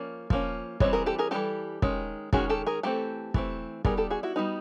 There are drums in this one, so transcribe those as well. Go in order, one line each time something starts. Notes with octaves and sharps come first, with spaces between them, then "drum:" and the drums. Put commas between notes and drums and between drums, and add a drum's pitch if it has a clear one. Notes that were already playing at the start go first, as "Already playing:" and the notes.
Already playing: F3 A#3 C#4 D5
F3 A#3 C#4, drum: kick
E3 G3 C4 C#5 D#5, drum: kick
G#4 A#4
G4 A4
G#4 A#4
E3 G3 C4 G4 A4
D#3 G#3 C#4, drum: kick
D#3 G#3 C#4 F#4 G#4, drum: kick
G4 A4
G#4 A#4
E3 A3 C4 G4 A4
E3 A3 C4, drum: kick
G3 B3 D#4 G#4 A#4, drum: kick
G4 A4
F#4 G#4
E4 F#4
G3 B3 D#4